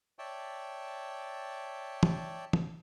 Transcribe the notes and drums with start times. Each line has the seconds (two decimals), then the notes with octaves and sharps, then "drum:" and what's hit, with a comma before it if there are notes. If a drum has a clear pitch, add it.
0.19 C#5 D5 E5 G5 A5
2.03 drum: tom
2.53 drum: tom